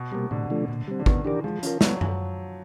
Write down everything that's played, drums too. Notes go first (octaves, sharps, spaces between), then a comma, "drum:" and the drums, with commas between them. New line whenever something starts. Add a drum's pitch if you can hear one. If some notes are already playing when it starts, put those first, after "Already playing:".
Already playing: B2
C3 G3 A#3
A2 D3
F3 A3 D4
A#2
G3 C4
D3
D#3 B3, drum: kick
E3 D4 G4 A#4 D5
F3 G#3
C#4 F4 A#4, drum: hi-hat
F#3 B3, drum: snare
drum: tom F#2